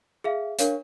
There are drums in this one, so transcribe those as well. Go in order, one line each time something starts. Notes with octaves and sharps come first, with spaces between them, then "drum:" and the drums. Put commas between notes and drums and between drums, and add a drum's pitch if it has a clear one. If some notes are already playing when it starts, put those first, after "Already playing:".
G#4 E5 F5
D4 A#4 C#5 F5, drum: hi-hat